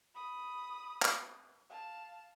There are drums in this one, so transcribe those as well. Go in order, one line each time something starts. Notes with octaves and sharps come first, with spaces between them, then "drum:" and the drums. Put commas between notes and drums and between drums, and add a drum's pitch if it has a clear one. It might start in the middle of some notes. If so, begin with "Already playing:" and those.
B5 D#6
drum: clap
F5 A5